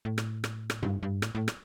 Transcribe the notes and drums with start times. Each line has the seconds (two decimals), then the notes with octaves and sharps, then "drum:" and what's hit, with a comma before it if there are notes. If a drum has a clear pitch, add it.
0.05 A2
0.18 drum: rim click
0.44 drum: rim click
0.70 drum: rim click
0.83 G2, drum: tom G#2
1.03 G2
1.22 A2, drum: rim click
1.35 A2
1.48 drum: rim click